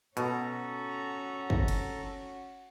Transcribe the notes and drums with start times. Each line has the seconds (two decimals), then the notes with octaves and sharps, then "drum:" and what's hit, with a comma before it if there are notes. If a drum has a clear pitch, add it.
0.17 B2 C#4 F#4 A4 A#5, drum: hi-hat
1.50 drum: kick
1.68 drum: cymbal